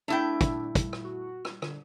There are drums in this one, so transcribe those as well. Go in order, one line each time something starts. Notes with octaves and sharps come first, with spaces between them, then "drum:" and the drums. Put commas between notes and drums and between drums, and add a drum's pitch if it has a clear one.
A3 D4 E4 G5
drum: kick, hi-hat
drum: kick, hi-hat
drum: rim click
F#4
drum: rim click
D3, drum: rim click